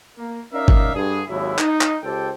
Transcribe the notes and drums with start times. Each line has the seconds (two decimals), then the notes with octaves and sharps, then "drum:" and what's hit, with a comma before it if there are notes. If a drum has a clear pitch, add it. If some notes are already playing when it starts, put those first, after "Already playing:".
0.17 A#3
0.53 C#4 D#4 A#4 D5 E5 F5
0.68 drum: kick G1
0.94 G2 D3 G#4
1.27 G#1 D#2 G#2 F#3 E4
1.59 D#4, drum: clap
1.81 drum: clap
2.03 C#2 G4 A4 C5 G5